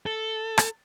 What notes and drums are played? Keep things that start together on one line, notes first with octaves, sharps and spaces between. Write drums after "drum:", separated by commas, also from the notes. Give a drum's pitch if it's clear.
A4
drum: rim click